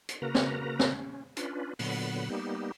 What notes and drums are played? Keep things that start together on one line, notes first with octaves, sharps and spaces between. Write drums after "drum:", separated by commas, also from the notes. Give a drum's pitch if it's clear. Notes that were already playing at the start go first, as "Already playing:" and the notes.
drum: hi-hat
C#3 A#3 F#4 A#4 B4 A#5
drum: snare
drum: snare
C#4
C#4 D4 F4 B4, drum: hi-hat
A#2 D3 F#3 B3 F#5 B5, drum: open hi-hat
G3 A#3 B3 D#4 G4